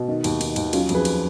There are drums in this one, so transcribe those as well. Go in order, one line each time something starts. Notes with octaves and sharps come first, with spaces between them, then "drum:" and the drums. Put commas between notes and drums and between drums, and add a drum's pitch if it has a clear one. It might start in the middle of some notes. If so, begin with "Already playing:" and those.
Already playing: B2
D#3
D#2, drum: cymbal
D#3, drum: cymbal
D#2, drum: cymbal
F#3 C#4 F4, drum: cymbal
F2, drum: cymbal
G#4 B4
drum: cymbal